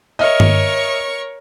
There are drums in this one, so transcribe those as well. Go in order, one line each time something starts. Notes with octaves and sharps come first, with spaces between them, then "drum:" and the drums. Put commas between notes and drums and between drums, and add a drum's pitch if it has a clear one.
A#4 C#5 D#5 E5 C#6 F6
drum: tom G2